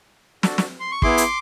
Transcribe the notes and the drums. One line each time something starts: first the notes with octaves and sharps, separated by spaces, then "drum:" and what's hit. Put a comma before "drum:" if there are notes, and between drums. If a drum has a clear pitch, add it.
D4 F#4 A4, drum: snare
drum: snare
C6
C#6
B3 E4 G#4 C6 D6, drum: kick
drum: hi-hat